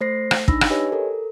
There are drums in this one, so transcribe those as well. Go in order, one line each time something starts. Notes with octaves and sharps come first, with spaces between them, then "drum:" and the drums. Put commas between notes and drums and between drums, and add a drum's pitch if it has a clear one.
A3 C5 A#6 C7
drum: rim click
D4 D#4 B5 E6 A#6, drum: kick
drum: rim click
G4 B4 C#5 D#5 G#5
A4 A#4